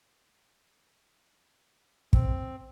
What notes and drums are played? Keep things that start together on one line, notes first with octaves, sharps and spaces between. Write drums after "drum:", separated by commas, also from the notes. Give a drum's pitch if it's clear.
C4, drum: kick